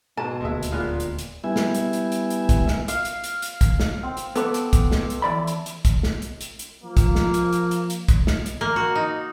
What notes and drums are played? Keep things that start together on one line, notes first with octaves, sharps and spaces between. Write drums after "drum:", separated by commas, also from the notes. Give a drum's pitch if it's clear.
G#2 B2 A5
D#1 D2 G#3 A#3 E5
drum: hi-hat
A#2 G#3 B3 F5
drum: hi-hat
drum: hi-hat
G3 B3 E4 E5 G#5
drum: snare
drum: hi-hat
drum: hi-hat
drum: hi-hat
drum: hi-hat
drum: kick, hi-hat
drum: snare
F5, drum: hi-hat
drum: hi-hat
drum: hi-hat
drum: hi-hat
drum: kick, hi-hat
drum: snare
C4
drum: hi-hat
B3 A4 D6, drum: hi-hat
drum: hi-hat
drum: kick, hi-hat
drum: snare
drum: hi-hat
E3 D5 B5
drum: hi-hat
drum: hi-hat
drum: kick, hi-hat
drum: snare
drum: hi-hat
drum: hi-hat
drum: hi-hat
F3 A#3
drum: kick, hi-hat
drum: snare
drum: hi-hat
drum: hi-hat
drum: hi-hat
drum: hi-hat
drum: kick, hi-hat
drum: snare
drum: hi-hat
A#3
F#4
D#4